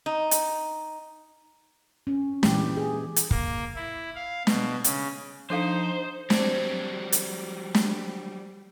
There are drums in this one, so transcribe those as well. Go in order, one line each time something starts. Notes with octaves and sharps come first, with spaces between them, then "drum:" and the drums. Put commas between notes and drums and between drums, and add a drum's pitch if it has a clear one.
D#4
drum: hi-hat
C#4
A#2 E3 G4, drum: snare
G#4
drum: hi-hat
A#3, drum: kick
E4
F5
B2, drum: snare
C#3, drum: hi-hat
F3 D4 D#4 A4 C5 F5
F#3 G3 C4 D4, drum: snare
drum: hi-hat
drum: snare